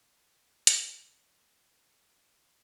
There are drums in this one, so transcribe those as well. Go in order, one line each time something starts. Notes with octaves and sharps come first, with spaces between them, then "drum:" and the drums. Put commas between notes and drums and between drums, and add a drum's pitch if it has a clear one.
A5 B5 A6
F2 A2 D5 F5 A#5 C#6, drum: hi-hat